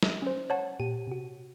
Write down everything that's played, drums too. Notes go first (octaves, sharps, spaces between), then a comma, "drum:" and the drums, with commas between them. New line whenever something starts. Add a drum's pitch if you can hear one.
drum: snare
C#4 C5
C#5 F#5 A5
A#2 G4 D#7
C3 F#4